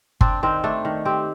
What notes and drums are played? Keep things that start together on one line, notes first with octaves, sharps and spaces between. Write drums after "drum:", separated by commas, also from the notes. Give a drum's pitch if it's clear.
C4 D4, drum: kick G1
D#3 C4
A3 D4
D#3
C4 G4